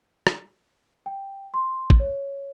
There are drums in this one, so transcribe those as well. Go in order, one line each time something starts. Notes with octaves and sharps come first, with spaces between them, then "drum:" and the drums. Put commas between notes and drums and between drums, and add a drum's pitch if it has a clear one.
drum: rim click
G5
C6
drum: kick
C#5